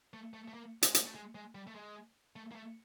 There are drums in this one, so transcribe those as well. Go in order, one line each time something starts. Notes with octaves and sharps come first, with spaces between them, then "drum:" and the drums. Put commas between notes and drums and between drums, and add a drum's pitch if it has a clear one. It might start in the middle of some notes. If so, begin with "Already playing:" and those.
A3
A3
A3
A#3
G#3, drum: hi-hat
A3, drum: hi-hat
A3
G#3
G#3
G3
A3
G#3
A3
A#3
A3